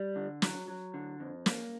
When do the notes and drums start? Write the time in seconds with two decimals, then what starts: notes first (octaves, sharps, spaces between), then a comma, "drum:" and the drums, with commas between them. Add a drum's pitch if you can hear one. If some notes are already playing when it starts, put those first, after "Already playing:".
Already playing: G3
0.16 D3
0.42 F#3, drum: snare
0.68 F#3
0.94 D3
1.20 F2
1.46 A#3, drum: snare